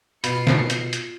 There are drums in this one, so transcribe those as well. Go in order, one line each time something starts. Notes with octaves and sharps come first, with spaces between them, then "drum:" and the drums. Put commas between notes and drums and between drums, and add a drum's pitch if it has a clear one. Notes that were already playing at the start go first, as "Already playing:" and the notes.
B2 F4 B5 C7 C#7, drum: hi-hat
drum: snare
drum: hi-hat
drum: hi-hat